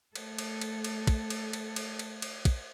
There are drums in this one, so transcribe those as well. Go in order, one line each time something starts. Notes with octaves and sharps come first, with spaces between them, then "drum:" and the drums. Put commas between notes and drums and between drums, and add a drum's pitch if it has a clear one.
A3 A4, drum: cymbal
drum: cymbal
drum: cymbal
drum: cymbal
drum: kick, cymbal
drum: cymbal
drum: cymbal
drum: cymbal
drum: cymbal
drum: cymbal
drum: kick, cymbal